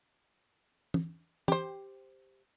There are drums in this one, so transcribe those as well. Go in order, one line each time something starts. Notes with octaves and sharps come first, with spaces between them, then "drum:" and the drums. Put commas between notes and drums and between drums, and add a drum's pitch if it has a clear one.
drum: tom
G4 C5, drum: tom